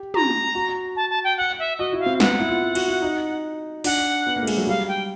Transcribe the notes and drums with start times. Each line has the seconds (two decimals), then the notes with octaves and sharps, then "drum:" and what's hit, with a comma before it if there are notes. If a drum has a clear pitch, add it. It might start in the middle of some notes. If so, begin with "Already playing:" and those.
Already playing: G4
0.14 A#5, drum: tom
0.55 F#4
0.96 A5
1.09 A5
1.23 G5
1.37 F#5
1.59 E5
1.78 F#4 D#5
1.93 E4
1.99 F5
2.06 C4
2.20 B3 F#5, drum: snare
2.40 E4
2.48 F4
2.61 F4
2.75 F#4, drum: cymbal
2.88 E4
3.02 D#4
3.84 D4 F#5, drum: open hi-hat
4.27 B3
4.36 A#3
4.42 A3
4.47 G#3, drum: cymbal
4.57 F#3
4.67 G3 F5
4.88 G5